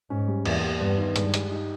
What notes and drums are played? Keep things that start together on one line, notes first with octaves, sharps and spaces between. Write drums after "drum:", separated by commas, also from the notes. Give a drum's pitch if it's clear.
G#2 C#4
G3
E2 A#3, drum: cymbal
G4
G2 B3
D#3
G2 G#3, drum: hi-hat
G4, drum: hi-hat
D#4